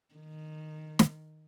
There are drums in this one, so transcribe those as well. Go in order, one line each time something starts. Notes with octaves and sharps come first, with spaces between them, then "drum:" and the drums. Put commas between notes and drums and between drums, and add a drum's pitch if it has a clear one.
D#3
drum: snare